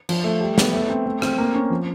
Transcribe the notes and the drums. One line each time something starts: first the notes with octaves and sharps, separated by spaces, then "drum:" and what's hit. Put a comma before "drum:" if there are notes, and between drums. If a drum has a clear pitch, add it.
F3, drum: cymbal
A3
G3
B3, drum: snare
A3
C4
A3
C4, drum: rim click
A#3
C#4
F3